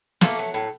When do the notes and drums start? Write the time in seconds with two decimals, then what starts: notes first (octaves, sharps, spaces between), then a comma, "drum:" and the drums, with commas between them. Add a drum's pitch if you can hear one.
0.21 A3 A#3, drum: snare
0.39 F#3
0.54 A2